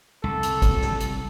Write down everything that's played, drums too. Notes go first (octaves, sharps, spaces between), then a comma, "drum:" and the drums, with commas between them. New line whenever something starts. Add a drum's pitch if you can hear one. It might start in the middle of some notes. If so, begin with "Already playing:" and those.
C2 A4
drum: hi-hat
drum: kick, hi-hat
drum: snare
drum: hi-hat